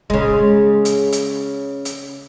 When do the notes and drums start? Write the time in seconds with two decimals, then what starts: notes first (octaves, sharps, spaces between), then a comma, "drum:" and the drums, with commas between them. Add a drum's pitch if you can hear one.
0.10 C#3 G#3, drum: kick
0.85 drum: hi-hat
1.12 drum: hi-hat
1.85 drum: hi-hat